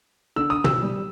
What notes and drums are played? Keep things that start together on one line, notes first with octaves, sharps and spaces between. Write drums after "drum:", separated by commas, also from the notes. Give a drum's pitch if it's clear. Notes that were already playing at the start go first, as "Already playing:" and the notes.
D3 E6
D#6
E6, drum: tom
G3